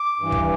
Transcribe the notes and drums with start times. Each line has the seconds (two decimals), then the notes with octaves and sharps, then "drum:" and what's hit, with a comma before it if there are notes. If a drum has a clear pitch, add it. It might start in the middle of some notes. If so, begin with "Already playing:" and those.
Already playing: D6
0.19 G2 E3
0.32 drum: kick